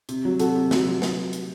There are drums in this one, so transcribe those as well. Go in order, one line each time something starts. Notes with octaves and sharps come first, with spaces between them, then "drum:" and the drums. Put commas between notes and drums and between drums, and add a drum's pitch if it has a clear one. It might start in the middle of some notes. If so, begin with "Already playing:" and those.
C3, drum: hi-hat
F#3
C3 F#4 A4, drum: hi-hat
C3
F#3, drum: snare
F#3
drum: snare
drum: hi-hat